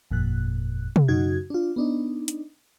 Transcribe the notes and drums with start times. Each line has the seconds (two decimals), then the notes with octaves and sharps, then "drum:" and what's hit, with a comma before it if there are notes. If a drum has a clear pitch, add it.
0.11 G1 F2 A#2 F#6
0.96 drum: tom
1.08 F#2 C#3 D#4 F#4 G#6
1.50 D4 F4
1.76 B3 D4 D#4
2.28 drum: hi-hat